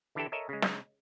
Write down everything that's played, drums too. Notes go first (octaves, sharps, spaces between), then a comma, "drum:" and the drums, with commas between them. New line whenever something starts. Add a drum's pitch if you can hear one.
D3 E3 D4 E4 G4 A4
A4 A#4 C#5 D#5 E5
C#3 G#3
drum: snare